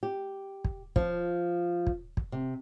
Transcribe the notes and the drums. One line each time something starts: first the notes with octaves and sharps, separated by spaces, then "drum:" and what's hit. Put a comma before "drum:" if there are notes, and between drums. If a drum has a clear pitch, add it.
G4
drum: kick
F3, drum: kick
drum: kick
drum: kick
C3